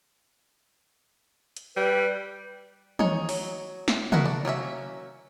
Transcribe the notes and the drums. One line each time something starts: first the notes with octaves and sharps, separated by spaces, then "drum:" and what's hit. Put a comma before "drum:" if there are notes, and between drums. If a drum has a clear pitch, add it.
drum: hi-hat
G3 B4
D#4 G#4 C#5, drum: tom
F#3, drum: open hi-hat
drum: snare
E4 F#4 G#4 A#4 F#5, drum: tom
D4
F#3 A#3 C#4 E5